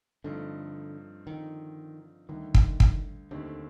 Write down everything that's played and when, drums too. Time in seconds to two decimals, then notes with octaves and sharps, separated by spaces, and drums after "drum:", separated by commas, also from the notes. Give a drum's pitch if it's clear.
0.24 G2 D3 F3 A3 C4 D#4
1.27 D3 D#3 F3 C4 D#4
2.29 D2 D3 D#3 G3
2.55 drum: kick
2.80 drum: kick
3.31 D#2 D3 D#3 A3 C4 G4